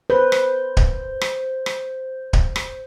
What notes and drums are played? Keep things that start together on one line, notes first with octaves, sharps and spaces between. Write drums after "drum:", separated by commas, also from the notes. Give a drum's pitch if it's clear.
B4 C5 G6
drum: rim click
drum: kick D1
drum: rim click
drum: rim click
drum: kick D1
drum: rim click